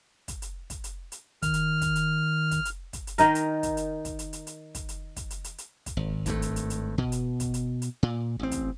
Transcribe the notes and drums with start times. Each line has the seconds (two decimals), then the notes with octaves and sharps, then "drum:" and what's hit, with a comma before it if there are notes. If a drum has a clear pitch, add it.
0.28 drum: kick, hi-hat
0.42 drum: hi-hat
0.70 drum: kick, hi-hat
0.84 drum: hi-hat
1.12 drum: hi-hat
1.42 D#3 F6, drum: kick, hi-hat
1.54 drum: hi-hat
1.81 drum: kick, hi-hat
1.95 drum: hi-hat
2.51 drum: kick, hi-hat
2.65 drum: hi-hat
2.93 drum: kick, hi-hat
3.07 drum: hi-hat
3.18 D#3 D#4 A#4, drum: hi-hat
3.35 drum: hi-hat
3.63 drum: kick, hi-hat
3.77 drum: hi-hat
4.05 drum: kick, hi-hat
4.19 drum: hi-hat
4.33 drum: hi-hat
4.47 drum: hi-hat
4.75 drum: kick, hi-hat
4.89 drum: hi-hat
5.16 drum: kick, hi-hat
5.30 drum: hi-hat
5.44 drum: hi-hat
5.58 drum: hi-hat
5.86 drum: kick, hi-hat
5.97 G#1
6.26 G#1 G2 D3 A3, drum: kick, hi-hat
6.42 drum: hi-hat
6.56 drum: hi-hat
6.70 drum: hi-hat
6.98 B2, drum: kick
7.12 drum: hi-hat
7.40 drum: kick, hi-hat
7.54 drum: hi-hat
7.82 drum: hi-hat
8.03 A#2
8.39 A1 C4
8.51 drum: kick, hi-hat